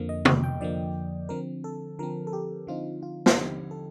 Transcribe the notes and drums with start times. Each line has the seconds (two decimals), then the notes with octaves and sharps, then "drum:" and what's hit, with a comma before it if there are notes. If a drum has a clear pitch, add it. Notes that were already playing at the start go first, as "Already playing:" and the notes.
Already playing: F2 D3 F3 A#3
0.09 D#5
0.25 G5, drum: tom
0.44 G5
0.60 F2 D3 F3 A#3 D5
1.29 D3 F3 C4 A#4
1.64 A4
1.99 D3 F3 C4 A#4
2.27 A4
2.33 G4
2.67 D3 F3 C4 D#4 F4
3.03 F4
3.26 drum: snare
3.37 D3 F3 C4 D#4 G4
3.71 A4